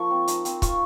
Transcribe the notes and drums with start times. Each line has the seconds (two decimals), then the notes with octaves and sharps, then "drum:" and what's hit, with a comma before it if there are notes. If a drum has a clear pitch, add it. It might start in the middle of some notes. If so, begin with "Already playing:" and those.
Already playing: F3 A#3 D#4 F4 C#6
0.11 C4
0.28 D#4, drum: hi-hat
0.45 C4, drum: hi-hat
0.62 F4 C#6, drum: kick C#1, hi-hat